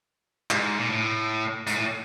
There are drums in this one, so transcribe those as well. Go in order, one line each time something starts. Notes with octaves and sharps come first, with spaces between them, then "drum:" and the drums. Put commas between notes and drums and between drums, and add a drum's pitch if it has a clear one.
G#2, drum: clap
A#2
A2
G#2, drum: hi-hat
A2